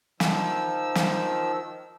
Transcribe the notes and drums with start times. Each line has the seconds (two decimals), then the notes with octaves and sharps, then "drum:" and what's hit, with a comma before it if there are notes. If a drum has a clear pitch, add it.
0.20 D#3 F3 E6, drum: snare
0.95 drum: snare